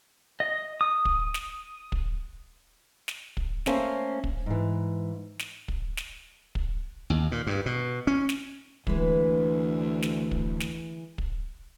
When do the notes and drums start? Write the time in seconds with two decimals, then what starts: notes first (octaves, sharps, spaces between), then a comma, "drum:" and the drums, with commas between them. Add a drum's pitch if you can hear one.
0.40 D#5
0.81 D#6
1.05 drum: kick
1.34 drum: snare
1.92 drum: kick
3.08 drum: snare
3.37 drum: kick
3.66 A3 A#3 C#4 C5 F5, drum: snare
4.24 drum: kick
4.46 G#2 E3
5.39 drum: snare
5.68 drum: kick
5.97 drum: snare
6.55 drum: kick
7.10 D#2
7.32 A#2
7.47 G2
7.66 B2
8.07 C#4
8.29 drum: snare
8.87 D2 E3 G#3 B4, drum: kick
10.02 drum: snare
10.31 drum: kick
10.60 drum: snare
11.18 drum: kick